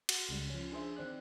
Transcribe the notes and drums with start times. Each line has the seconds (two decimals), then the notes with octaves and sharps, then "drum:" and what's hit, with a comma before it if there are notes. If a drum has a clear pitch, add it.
0.09 F#4, drum: cymbal
0.29 C#2 C#3 G3
0.49 F3 C#4
0.72 D4 G#4 C5 E5
0.96 D#3 C4 D5 F#6